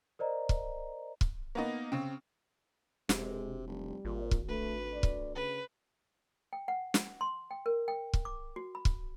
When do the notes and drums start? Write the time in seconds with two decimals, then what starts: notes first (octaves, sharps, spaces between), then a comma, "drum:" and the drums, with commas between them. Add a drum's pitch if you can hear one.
0.19 A#4 C5 D5 D#5 A#5
0.49 drum: kick
1.21 drum: kick
1.55 A#3 B3 D#4
1.92 C#3 C4
3.09 E1 C3 G#3, drum: snare
3.67 F1 G3
4.05 G#1 A#2
4.31 drum: kick
4.49 D2 A3 B4
4.93 D5
5.03 drum: kick
5.35 C#3 B4
6.53 G5
6.68 F#5
6.94 drum: snare
7.21 C6
7.51 G5
7.66 A#4
7.88 G5
8.13 drum: kick
8.25 D6
8.56 F#4
8.75 B5
8.85 drum: kick